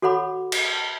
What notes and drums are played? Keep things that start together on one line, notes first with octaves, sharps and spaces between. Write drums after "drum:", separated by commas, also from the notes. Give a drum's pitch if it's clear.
F#4 A4 C#5 F#5 B5 D6
drum: cymbal